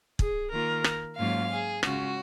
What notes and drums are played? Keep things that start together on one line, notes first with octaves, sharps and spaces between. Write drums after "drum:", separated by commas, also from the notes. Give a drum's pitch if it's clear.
G#4, drum: kick
D#3 A#3 F4 A#4
drum: rim click
G#2 F#3 A#3 C#4 F4 F5
G#4
C#3 G#3 C#4 F4 F#4, drum: rim click